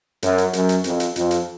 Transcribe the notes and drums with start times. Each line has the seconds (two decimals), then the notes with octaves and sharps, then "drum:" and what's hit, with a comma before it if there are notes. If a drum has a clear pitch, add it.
0.23 F#2, drum: hi-hat
0.38 drum: hi-hat
0.53 F#2, drum: hi-hat
0.69 drum: hi-hat
0.84 F2, drum: hi-hat
1.00 drum: hi-hat
1.16 F2, drum: hi-hat
1.31 drum: hi-hat